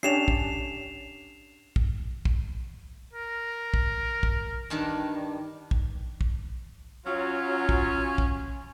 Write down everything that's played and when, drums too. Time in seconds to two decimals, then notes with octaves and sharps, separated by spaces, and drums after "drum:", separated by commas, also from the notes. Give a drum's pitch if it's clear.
0.03 C#4 D4 G4 C7 E7 F7
0.28 drum: kick
1.76 drum: kick
2.25 drum: kick
3.13 A#4
3.74 drum: kick
4.23 drum: kick
4.70 G2 D#3 D4
5.71 drum: kick
6.21 drum: kick
7.06 F#3 C#4 F4
7.69 drum: kick
8.18 drum: kick